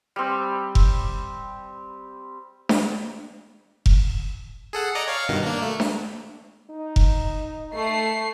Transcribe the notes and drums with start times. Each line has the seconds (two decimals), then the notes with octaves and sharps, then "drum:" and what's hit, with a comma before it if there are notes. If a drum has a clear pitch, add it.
0.16 G3 C4
0.75 drum: kick F1
2.69 drum: snare D4
3.86 drum: kick F1
4.73 G#4 A4 F#5
4.95 D5 D#5 A#5
5.08 C#5 F5
5.29 G2 B2 D#3
5.43 A#3 D4
5.62 A3
5.80 drum: snare D4
6.70 D#4
6.96 drum: kick F1
7.74 A3 C7